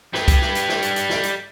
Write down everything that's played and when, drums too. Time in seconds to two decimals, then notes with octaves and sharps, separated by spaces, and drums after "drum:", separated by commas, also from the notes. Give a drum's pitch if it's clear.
0.14 G3 B4, drum: snare
0.28 drum: kick, hi-hat
0.41 drum: snare
0.55 drum: hi-hat
0.69 drum: snare
0.82 drum: hi-hat
0.96 drum: hi-hat
1.10 drum: snare
1.23 drum: hi-hat